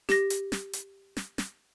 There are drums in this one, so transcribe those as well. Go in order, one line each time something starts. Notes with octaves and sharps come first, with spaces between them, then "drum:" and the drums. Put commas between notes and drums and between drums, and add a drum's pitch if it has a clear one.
G4 A#6, drum: snare
drum: hi-hat
drum: snare
drum: hi-hat
drum: snare
drum: snare